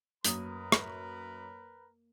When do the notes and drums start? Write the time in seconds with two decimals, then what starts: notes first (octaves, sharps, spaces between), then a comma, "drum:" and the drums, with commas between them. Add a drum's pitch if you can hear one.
0.25 F#2 A#3 A#4 B4 B5 D#6, drum: hi-hat
0.72 drum: rim click